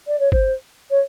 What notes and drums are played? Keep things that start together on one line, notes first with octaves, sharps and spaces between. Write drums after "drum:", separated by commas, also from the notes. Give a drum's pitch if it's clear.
D5
C#5
C5, drum: kick G1
C#5